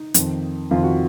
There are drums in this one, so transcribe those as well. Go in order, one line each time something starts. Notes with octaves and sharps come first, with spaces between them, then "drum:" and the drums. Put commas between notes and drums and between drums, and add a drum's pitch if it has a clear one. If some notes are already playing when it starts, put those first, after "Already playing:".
Already playing: D#4
F2 D#3, drum: hi-hat
F2 D#3 F4
F#4